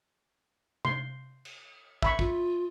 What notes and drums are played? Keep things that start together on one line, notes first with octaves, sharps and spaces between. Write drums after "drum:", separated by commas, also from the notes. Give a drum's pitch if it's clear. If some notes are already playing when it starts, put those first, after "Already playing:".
C6, drum: tom C3
drum: cymbal
E5 B5 C#6, drum: kick
F4, drum: kick